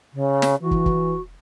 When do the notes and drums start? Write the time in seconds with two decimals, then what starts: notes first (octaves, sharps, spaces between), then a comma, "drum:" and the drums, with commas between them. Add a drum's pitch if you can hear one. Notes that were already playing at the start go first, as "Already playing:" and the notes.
0.13 C#3
0.42 drum: snare
0.62 E3 F#4
0.71 drum: kick
0.86 drum: kick